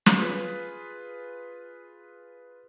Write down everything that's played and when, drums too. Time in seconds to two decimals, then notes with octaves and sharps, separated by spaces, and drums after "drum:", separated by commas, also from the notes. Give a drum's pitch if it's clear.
0.06 drum: snare
0.21 F4 G#4 B4